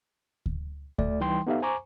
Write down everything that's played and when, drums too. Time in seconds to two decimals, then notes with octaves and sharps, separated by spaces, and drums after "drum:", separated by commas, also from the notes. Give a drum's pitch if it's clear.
0.46 drum: kick D2
0.98 A3 D5, drum: kick D2
1.20 E3 G3 D#4 G5 C6
1.47 B3 D#4 G4 A4 E5 F5
1.62 C5 G#5 A#5 C#6 D6